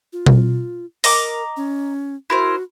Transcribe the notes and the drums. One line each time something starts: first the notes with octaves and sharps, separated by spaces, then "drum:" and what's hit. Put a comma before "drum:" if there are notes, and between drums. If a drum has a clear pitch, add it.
F4
drum: tom B2
A#4 D#5 A#5 D6, drum: open hi-hat
C#4
E4 F#4 A#4 C5